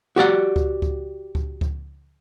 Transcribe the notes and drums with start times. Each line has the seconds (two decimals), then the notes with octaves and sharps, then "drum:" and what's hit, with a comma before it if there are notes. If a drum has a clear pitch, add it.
0.16 F#4 G4 D5 F#5
0.56 drum: kick C#2
0.82 drum: kick C#2
1.35 drum: kick C#2
1.61 drum: kick C#2